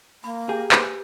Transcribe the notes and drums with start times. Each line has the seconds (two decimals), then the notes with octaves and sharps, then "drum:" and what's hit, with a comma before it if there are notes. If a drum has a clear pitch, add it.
0.24 A#3 B5
0.49 G4 G#4
0.72 B4 C5 G#5, drum: clap